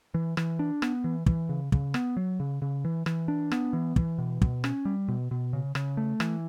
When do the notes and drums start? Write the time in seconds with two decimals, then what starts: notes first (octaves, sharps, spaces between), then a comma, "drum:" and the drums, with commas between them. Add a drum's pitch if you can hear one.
0.14 E3
0.37 E3, drum: rim click
0.59 D4
0.82 B3, drum: rim click
1.04 E3
1.26 E3, drum: kick
1.49 C#3
1.72 C#3, drum: kick
1.94 B3, drum: rim click
2.17 F#3
2.40 C#3
2.62 C#3
2.85 E3
3.06 E3, drum: rim click
3.28 D4
3.52 B3, drum: rim click
3.73 E3
3.96 E3, drum: kick
4.18 B2
4.42 B2, drum: kick
4.64 C#4, drum: rim click
4.85 G3
5.08 B2
5.31 B2
5.53 C#3
5.75 C#3, drum: rim click
5.97 A3
6.20 E3, drum: rim click